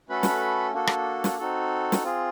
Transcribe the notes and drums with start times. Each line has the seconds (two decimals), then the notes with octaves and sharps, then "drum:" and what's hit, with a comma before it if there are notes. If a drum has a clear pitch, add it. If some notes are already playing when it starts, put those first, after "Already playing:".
0.09 A3 C#4 F#4 A4 B4 B5
0.23 drum: snare
0.73 A#3 D4 F#4 A4
0.87 drum: rim click
1.24 drum: snare
1.39 C4 D#4 F#4 A4
1.92 drum: snare
2.02 C4 F4 G#4